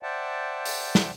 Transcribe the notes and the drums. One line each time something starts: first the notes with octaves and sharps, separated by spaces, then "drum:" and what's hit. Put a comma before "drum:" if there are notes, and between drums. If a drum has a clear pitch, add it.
C5 D5 E5 F#5 G5 A5
drum: open hi-hat
drum: snare